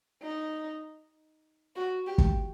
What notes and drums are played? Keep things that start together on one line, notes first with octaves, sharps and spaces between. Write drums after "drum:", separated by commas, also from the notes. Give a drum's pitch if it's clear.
D#4
F#4
G4
drum: kick